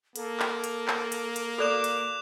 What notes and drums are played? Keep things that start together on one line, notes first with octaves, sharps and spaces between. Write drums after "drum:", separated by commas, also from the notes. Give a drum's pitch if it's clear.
A#3 A4, drum: hi-hat
drum: clap
drum: hi-hat
drum: clap
drum: hi-hat
drum: hi-hat
F#4 A4 D5 D6 F#6 E7
drum: hi-hat